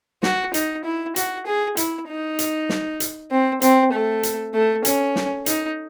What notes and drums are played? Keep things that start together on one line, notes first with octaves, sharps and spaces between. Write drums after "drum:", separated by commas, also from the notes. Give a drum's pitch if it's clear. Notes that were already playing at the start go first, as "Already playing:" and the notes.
F#4, drum: snare
D#4, drum: hi-hat
E4
F#4, drum: hi-hat
G#4
E4, drum: hi-hat
D#4
drum: hi-hat
drum: snare
drum: hi-hat
C4
C4, drum: hi-hat
A3
drum: hi-hat
A3
C#4, drum: hi-hat
drum: snare
D#4, drum: hi-hat